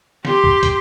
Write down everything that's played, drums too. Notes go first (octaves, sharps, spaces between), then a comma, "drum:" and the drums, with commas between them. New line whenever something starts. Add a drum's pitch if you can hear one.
G4 C6, drum: snare
drum: kick
drum: kick, hi-hat